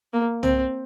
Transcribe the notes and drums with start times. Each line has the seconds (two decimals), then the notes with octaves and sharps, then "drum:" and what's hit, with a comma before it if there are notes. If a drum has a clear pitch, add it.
0.13 A#3
0.43 C4, drum: tom